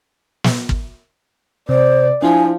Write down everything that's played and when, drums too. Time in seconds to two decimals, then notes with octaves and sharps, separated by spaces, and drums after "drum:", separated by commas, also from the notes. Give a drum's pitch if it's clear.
0.44 drum: snare
0.69 drum: kick
1.69 C3 C5 D5
2.22 F3 D4 E4 G#5